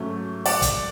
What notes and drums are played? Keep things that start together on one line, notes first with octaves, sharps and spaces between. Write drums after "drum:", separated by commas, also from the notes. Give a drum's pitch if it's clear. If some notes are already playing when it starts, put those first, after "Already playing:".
Already playing: G#2 F#3 A3 C#4
D5 F#5, drum: open hi-hat
drum: kick, hi-hat